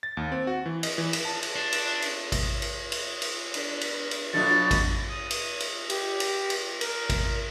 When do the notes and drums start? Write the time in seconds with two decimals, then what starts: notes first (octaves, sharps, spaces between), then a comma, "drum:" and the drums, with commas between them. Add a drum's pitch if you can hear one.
0.03 A6
0.17 D#2
0.32 C4
0.47 F#4
0.66 E3
0.83 D#5, drum: cymbal
0.98 E3
1.13 E7, drum: cymbal
1.25 A5
1.43 drum: cymbal
1.56 D4
1.72 drum: cymbal
2.02 drum: cymbal
2.32 drum: kick A1, cymbal
2.62 drum: cymbal
2.92 drum: cymbal
3.22 drum: cymbal
3.54 D4 B4, drum: cymbal
3.81 drum: cymbal
4.11 drum: cymbal
4.33 B2 F#3 A3 D4 F4 A6
4.71 drum: kick A1, cymbal
5.10 D#6
5.31 drum: cymbal
5.60 drum: cymbal
5.90 G4, drum: cymbal
6.20 drum: cymbal
6.50 drum: cymbal
6.81 A#4, drum: cymbal
7.10 drum: kick A1, cymbal